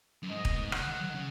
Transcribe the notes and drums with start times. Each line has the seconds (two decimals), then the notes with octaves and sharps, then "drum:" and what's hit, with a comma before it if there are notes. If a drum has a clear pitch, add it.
0.23 F#2
0.30 G#2 D#5
0.45 B2, drum: kick D#1
0.58 G#2
0.72 C#3 F#5, drum: rim click
0.86 D#3
1.00 F#3
1.09 D#3
1.14 C#3